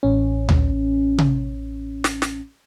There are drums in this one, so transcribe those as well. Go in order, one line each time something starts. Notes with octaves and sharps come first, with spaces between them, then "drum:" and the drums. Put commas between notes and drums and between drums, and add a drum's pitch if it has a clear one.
A1 C#4
drum: tom D2
drum: tom C3
drum: snare
drum: snare